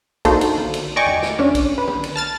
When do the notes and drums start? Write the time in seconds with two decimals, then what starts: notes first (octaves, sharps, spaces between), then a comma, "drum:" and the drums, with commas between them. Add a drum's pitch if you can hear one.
0.25 A#3 D4 D#4 F#4 A4 C5, drum: kick B1, cymbal
0.41 drum: cymbal
0.57 drum: tom
0.74 drum: cymbal
0.96 D5 D#5 G5 G#5 C#6 D6
1.06 drum: tom E2
1.22 drum: snare
1.39 C#4 D4, drum: tom E2
1.55 drum: kick B1, cymbal
1.78 B4
1.87 drum: tom
2.04 drum: cymbal
2.16 A5 F6 A6